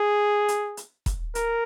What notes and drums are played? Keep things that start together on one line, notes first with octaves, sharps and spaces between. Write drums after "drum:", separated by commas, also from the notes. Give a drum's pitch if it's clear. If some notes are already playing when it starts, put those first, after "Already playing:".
Already playing: G#4
drum: hi-hat
drum: hi-hat
drum: kick, hi-hat
A#4, drum: hi-hat